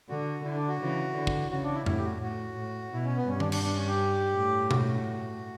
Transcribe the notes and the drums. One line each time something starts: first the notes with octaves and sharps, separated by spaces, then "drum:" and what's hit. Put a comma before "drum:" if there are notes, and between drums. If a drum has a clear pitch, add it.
D3 F#4
D3 E4
D4
F#4
C#3 E3
D3
drum: kick
C#3 F#4
D4
E4
A2 E4, drum: tom F2
G4
F#4
A2 F#4
A2
B2 E4
C#4
B3
G2 C#4
D4, drum: tom D#3
D4, drum: cymbal
D4
C#4
G4
A2
F#4, drum: tom B2